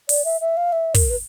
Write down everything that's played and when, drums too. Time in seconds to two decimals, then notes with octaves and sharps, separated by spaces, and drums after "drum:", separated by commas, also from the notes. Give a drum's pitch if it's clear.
0.09 D5, drum: open hi-hat
0.25 E5
0.41 E5
0.57 F5
0.72 E5
0.94 A#4, drum: kick, open hi-hat
1.10 B4